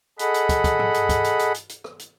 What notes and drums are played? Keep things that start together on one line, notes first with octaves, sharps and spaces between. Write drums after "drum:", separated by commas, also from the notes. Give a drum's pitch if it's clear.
G#4 A4 D#5 F#5 B5, drum: hi-hat
drum: hi-hat
drum: kick, hi-hat
drum: kick, hi-hat
drum: tom
drum: hi-hat
drum: kick, hi-hat
drum: hi-hat
drum: hi-hat
drum: hi-hat
drum: hi-hat
drum: rim click
drum: hi-hat